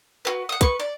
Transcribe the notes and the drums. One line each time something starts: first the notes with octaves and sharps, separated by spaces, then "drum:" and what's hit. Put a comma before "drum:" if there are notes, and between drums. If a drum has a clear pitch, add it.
F#4 B4
F#5 D#6
B4 C#6, drum: kick, hi-hat
D5